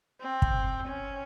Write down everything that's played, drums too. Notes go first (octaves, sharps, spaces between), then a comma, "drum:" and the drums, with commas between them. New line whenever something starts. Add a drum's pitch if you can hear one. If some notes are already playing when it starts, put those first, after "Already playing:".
C4
drum: kick
C#4